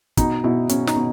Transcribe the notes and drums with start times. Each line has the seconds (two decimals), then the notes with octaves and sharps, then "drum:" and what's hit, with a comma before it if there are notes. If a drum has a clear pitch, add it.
0.17 B2 D#4, drum: kick, hi-hat
0.44 B2 E4
0.69 B2 C#4, drum: hi-hat
0.87 D#4, drum: snare
0.96 B2